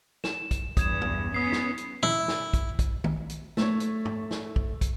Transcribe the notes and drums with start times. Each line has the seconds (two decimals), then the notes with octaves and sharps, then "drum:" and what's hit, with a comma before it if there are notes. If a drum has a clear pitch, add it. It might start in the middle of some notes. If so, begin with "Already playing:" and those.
0.24 E7, drum: snare
0.51 drum: kick, hi-hat
0.77 E2 G2 D#6 G#6 E7, drum: kick, hi-hat
1.02 drum: tom
1.34 B3 C#4 D#6 C7
1.52 drum: snare
1.78 drum: hi-hat
2.03 E4, drum: tom
2.28 drum: snare
2.54 drum: kick, hi-hat
2.79 drum: kick, hi-hat
3.04 drum: tom
3.29 drum: hi-hat
3.57 A3 C#5, drum: snare
3.80 drum: hi-hat
4.05 drum: tom
4.31 drum: snare
4.56 drum: kick
4.81 drum: kick, hi-hat